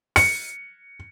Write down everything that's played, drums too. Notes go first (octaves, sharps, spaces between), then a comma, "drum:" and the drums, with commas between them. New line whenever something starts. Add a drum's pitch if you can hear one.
C#7, drum: open hi-hat